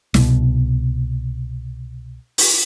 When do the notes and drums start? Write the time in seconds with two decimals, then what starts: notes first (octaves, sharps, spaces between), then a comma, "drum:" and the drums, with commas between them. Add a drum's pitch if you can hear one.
0.14 C2 B2, drum: snare
2.38 drum: open hi-hat